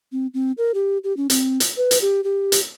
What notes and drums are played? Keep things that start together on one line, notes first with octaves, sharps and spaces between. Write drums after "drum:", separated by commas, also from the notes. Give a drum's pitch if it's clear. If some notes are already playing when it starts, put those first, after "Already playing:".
C4
C4
A#4
G4
G4
C#4
C4, drum: hi-hat
drum: hi-hat
B4
drum: hi-hat
G4
G4
drum: hi-hat